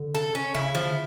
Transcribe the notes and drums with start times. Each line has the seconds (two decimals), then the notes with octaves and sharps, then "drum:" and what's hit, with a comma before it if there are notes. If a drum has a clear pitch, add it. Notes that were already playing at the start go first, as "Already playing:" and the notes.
Already playing: D3
0.15 A4
0.35 C#4
0.55 C#3 E4
0.75 F3, drum: tom D3